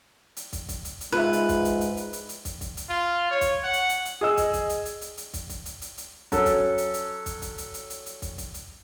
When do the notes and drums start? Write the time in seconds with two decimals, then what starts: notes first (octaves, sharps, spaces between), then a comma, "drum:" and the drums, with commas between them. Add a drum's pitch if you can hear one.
0.37 drum: hi-hat
0.53 drum: kick, hi-hat
0.69 drum: kick, hi-hat
0.85 drum: hi-hat
1.01 drum: hi-hat
1.12 G#2 F4 B4 E5
1.33 drum: hi-hat
1.49 drum: kick, hi-hat
1.65 drum: kick, hi-hat
1.81 drum: hi-hat
1.97 drum: hi-hat
2.13 drum: hi-hat
2.29 drum: hi-hat
2.45 drum: kick, hi-hat
2.61 drum: kick, hi-hat
2.77 drum: hi-hat
2.89 F4
3.31 C#5
3.41 drum: kick, hi-hat
3.64 F#5
3.73 drum: hi-hat
3.89 drum: hi-hat
4.05 drum: hi-hat
4.21 G#4 D#5 E6
4.37 drum: kick, hi-hat
4.53 drum: kick, hi-hat
4.69 drum: hi-hat
4.85 drum: hi-hat
5.01 drum: hi-hat
5.17 drum: hi-hat
5.33 drum: kick, hi-hat
5.50 drum: kick, hi-hat
5.66 drum: hi-hat
5.82 drum: hi-hat
5.98 drum: hi-hat
6.32 F#3 C#4 A4, drum: kick, hi-hat
6.46 drum: kick, hi-hat
6.78 drum: hi-hat
6.94 drum: hi-hat
7.26 drum: kick, hi-hat
7.42 drum: kick, hi-hat
7.58 drum: hi-hat
7.74 drum: hi-hat
7.90 drum: hi-hat
8.06 drum: hi-hat
8.22 drum: kick, hi-hat
8.38 drum: kick, hi-hat
8.54 drum: hi-hat